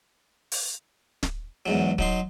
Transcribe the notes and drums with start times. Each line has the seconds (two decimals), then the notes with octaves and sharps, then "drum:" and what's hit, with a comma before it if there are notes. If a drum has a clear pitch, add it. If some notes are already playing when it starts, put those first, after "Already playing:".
0.52 drum: open hi-hat
1.23 drum: snare
1.66 E2 G#2 F#3
1.98 F#3 D#4 C6, drum: kick